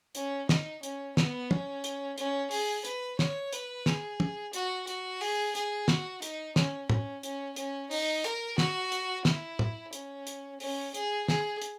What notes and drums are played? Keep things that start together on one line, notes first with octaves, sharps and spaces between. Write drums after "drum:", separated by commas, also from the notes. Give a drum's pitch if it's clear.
C#4, drum: hi-hat
D#4, drum: snare
C#4, drum: hi-hat
B3, drum: snare
C#4, drum: tom
drum: hi-hat
C#4, drum: hi-hat
G#4, drum: open hi-hat
B4, drum: hi-hat
C#5, drum: snare
B4, drum: hi-hat
G#4, drum: snare
drum: tom
F#4, drum: hi-hat
F#4, drum: hi-hat
G#4, drum: open hi-hat
G#4, drum: hi-hat
F#4, drum: snare
D#4, drum: hi-hat
C#4, drum: snare
C#4, drum: tom
C#4, drum: hi-hat
C#4, drum: hi-hat
D#4, drum: open hi-hat
A#4, drum: hi-hat
F#4, drum: snare
drum: hi-hat
E4, drum: snare
drum: tom
C#4, drum: hi-hat
drum: hi-hat
C#4, drum: open hi-hat
G#4, drum: hi-hat
G#4, drum: snare
drum: hi-hat